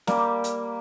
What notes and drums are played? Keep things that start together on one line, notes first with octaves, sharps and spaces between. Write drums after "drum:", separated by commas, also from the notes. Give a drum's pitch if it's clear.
G3 A#3, drum: snare
drum: hi-hat